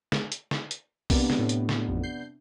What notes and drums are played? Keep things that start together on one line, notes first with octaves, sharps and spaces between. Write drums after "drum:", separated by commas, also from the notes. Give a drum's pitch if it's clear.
drum: snare
drum: hi-hat
drum: snare
drum: hi-hat
C3 A#3 B3 D4 D5, drum: kick B1, open hi-hat
drum: snare
A2
drum: hi-hat
drum: snare
A1 F2
G6 C7